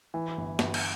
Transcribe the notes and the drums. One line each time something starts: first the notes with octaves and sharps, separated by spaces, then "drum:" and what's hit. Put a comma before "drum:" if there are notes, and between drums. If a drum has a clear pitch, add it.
E3
G1
G1, drum: snare
drum: cymbal